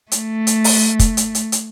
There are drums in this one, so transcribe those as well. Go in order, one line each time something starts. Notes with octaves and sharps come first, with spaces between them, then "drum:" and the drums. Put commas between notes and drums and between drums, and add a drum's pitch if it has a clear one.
A3, drum: hi-hat
drum: hi-hat
drum: open hi-hat
drum: kick, hi-hat
drum: hi-hat
drum: hi-hat
drum: hi-hat